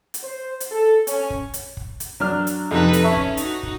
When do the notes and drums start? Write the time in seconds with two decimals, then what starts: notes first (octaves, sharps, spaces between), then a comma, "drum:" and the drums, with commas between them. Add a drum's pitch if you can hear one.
0.14 drum: hi-hat
0.23 C5
0.60 drum: hi-hat
0.71 A4
1.07 C#4, drum: hi-hat
1.30 drum: kick
1.54 drum: hi-hat
1.77 drum: kick
2.00 drum: hi-hat
2.20 F#3 D4 F6
2.47 drum: hi-hat
2.71 F2 C3 D#4 A4 B4
2.93 drum: hi-hat
3.04 C#4 E5 A5 C#6
3.17 drum: kick
3.37 D#4 F#4, drum: hi-hat
3.63 drum: kick